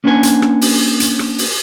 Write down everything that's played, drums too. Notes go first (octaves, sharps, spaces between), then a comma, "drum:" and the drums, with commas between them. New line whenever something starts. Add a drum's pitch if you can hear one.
A#3 C#4 D4 B4 F#5 G#5
drum: hi-hat
drum: rim click
drum: open hi-hat
drum: hi-hat
drum: rim click
drum: open hi-hat